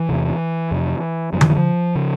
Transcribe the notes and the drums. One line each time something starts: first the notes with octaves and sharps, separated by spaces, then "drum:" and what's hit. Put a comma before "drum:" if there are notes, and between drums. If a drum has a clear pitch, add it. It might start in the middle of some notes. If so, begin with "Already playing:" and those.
Already playing: E3
E2 C3
F2 C3
F#2 D3 F#3
F3, drum: tom D3
E3
F3
C#3